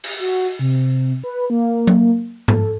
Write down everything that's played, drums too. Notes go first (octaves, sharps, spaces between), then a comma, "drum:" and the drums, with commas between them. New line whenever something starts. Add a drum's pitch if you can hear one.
drum: open hi-hat
F#4
C3
B4
A#3
drum: tom F#3
A4, drum: tom G#2